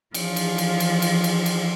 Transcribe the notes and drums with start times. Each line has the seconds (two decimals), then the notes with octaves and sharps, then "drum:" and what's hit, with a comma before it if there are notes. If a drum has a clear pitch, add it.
0.14 E3 F3, drum: cymbal
0.36 drum: cymbal
0.58 drum: cymbal
0.80 drum: cymbal
1.02 drum: cymbal
1.24 drum: cymbal
1.46 drum: cymbal